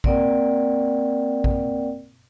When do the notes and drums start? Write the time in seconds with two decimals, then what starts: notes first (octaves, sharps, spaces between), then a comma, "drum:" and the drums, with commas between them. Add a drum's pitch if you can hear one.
0.04 A#3 C4 A#4 D5 F#5 G5, drum: kick
1.44 drum: kick